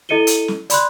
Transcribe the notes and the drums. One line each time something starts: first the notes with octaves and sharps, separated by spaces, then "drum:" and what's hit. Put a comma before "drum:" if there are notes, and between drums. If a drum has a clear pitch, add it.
E4 A4 D#5 C#7 D#7 G7
drum: hi-hat
drum: snare
D5 B5 C6 F#6, drum: hi-hat